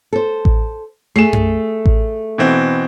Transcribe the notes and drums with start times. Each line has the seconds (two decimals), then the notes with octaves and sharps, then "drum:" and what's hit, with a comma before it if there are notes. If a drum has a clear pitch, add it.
0.13 A4 C5
0.45 drum: kick A1
1.16 A3 G#4 C7 E7
1.33 drum: tom F#2
1.86 drum: kick A1
2.38 B2 E3 C4